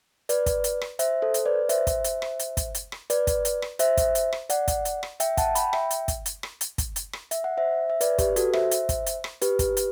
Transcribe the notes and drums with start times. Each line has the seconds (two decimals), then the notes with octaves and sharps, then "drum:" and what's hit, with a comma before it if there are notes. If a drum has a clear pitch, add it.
0.29 B4 D5, drum: hi-hat
0.46 drum: kick, hi-hat
0.64 drum: hi-hat
0.81 drum: rim click
0.99 C5 E5, drum: hi-hat
1.22 A4 C5
1.34 drum: hi-hat
1.46 B4 D5
1.69 C5 E5, drum: hi-hat
1.87 drum: kick, hi-hat
2.04 drum: hi-hat
2.22 drum: rim click
2.39 drum: hi-hat
2.57 drum: kick, hi-hat
2.75 drum: hi-hat
2.92 drum: rim click
3.10 B4 D5, drum: hi-hat
3.27 drum: kick, hi-hat
3.45 drum: hi-hat
3.62 drum: rim click
3.79 C5 E5, drum: hi-hat
3.97 drum: kick, hi-hat
4.15 drum: hi-hat
4.33 drum: rim click
4.50 D5 F#5, drum: hi-hat
4.68 drum: kick, hi-hat
4.85 drum: hi-hat
5.03 drum: rim click
5.20 E5 G5, drum: hi-hat
5.37 F#5 A5, drum: kick, hi-hat
5.55 G5 B5, drum: hi-hat
5.73 E5 G5, drum: rim click
5.90 drum: hi-hat
6.08 drum: kick, hi-hat
6.26 drum: hi-hat
6.43 drum: rim click
6.61 drum: hi-hat
6.78 drum: kick, hi-hat
6.96 drum: hi-hat
7.13 drum: rim click
7.31 E5, drum: hi-hat
7.44 F#5
7.57 C5 E5
7.90 E5
8.01 B4 D5, drum: hi-hat
8.18 G4 B4, drum: kick, hi-hat
8.36 F#4 A4, drum: hi-hat
8.53 C5 E5, drum: rim click
8.71 drum: hi-hat
8.89 drum: kick, hi-hat
9.06 drum: hi-hat
9.24 drum: rim click
9.42 G4 B4, drum: hi-hat
9.59 drum: kick, hi-hat
9.77 drum: hi-hat